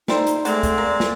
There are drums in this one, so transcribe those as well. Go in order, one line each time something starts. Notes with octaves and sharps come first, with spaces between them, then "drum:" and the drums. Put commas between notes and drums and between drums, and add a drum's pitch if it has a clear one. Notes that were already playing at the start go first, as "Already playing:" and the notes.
G3 D#4 E4 C5, drum: snare
drum: hi-hat
G#3 A3 C4 F#4 D5, drum: hi-hat
drum: kick, hi-hat
A#3
drum: snare